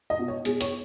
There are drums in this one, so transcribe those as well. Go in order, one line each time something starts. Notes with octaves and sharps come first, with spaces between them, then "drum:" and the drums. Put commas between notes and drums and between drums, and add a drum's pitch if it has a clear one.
D#5
B2
C#5
B2 G#4, drum: hi-hat
C#5, drum: hi-hat